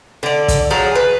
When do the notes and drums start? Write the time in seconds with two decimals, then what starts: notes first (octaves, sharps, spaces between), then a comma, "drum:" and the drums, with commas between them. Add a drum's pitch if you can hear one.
0.23 D3 D5
0.48 drum: kick, hi-hat
0.70 F3 F#3 G#4 A#5
0.95 B4